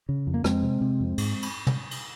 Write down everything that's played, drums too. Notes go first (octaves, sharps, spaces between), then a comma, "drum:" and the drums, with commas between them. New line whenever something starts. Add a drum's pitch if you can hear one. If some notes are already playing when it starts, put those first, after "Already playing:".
C#3
F2
A#3
F2 G#3 C4, drum: rim click
C3
C3
F2
G#2, drum: cymbal
drum: cymbal
drum: tom
drum: cymbal